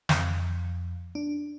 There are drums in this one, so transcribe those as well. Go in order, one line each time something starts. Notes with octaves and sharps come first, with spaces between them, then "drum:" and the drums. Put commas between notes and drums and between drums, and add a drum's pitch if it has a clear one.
F2, drum: snare
D4